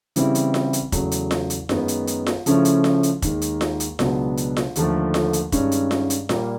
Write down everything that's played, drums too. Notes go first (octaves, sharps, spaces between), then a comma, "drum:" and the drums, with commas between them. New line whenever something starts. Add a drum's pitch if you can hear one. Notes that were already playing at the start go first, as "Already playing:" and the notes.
C#3 E3 G3 C4 E4, drum: hi-hat
drum: hi-hat
drum: snare F4
drum: hi-hat
E2 C#3 F#3 A3, drum: kick, hi-hat
drum: hi-hat
drum: snare F4
drum: hi-hat
F#2 D#3 G#3 B3 D#4, drum: snare F4
drum: hi-hat
drum: hi-hat
drum: snare F4
C#3 F3 A3 C#4 E4, drum: hi-hat
drum: hi-hat
drum: snare F4
drum: hi-hat
D#2 D#3 G#3, drum: kick, hi-hat
drum: hi-hat
drum: snare F4
drum: hi-hat
C#2 B2 F#3 B3 D4, drum: snare F4
drum: hi-hat
drum: snare F4
D#2 D3 F3 A3, drum: hi-hat
drum: snare F4
drum: hi-hat
G2 D#3 G#3 C#4, drum: kick, hi-hat
drum: hi-hat
drum: snare F4
drum: hi-hat
A#2 G3 A#3, drum: snare F4